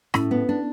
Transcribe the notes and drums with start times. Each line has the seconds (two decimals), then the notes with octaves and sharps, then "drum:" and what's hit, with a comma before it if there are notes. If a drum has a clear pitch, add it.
0.14 A2 C#4 E4, drum: rim click
0.31 B3
0.49 D4